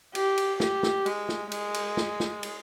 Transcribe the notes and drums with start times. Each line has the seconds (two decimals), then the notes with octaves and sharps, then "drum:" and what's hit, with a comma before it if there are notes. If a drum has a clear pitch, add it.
0.15 G4, drum: cymbal
0.37 drum: cymbal
0.60 G4, drum: snare
0.83 drum: snare
1.06 G#3, drum: cymbal
1.29 drum: snare
1.52 G#3, drum: cymbal
1.74 drum: cymbal
1.97 drum: snare
2.20 drum: snare
2.43 drum: cymbal